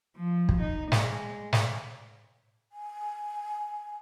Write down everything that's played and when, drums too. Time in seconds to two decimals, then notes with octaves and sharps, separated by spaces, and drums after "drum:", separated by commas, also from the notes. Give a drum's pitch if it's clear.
0.16 F3
0.49 drum: kick
0.61 D#4
0.92 G#3, drum: snare
1.53 drum: snare
2.72 G#5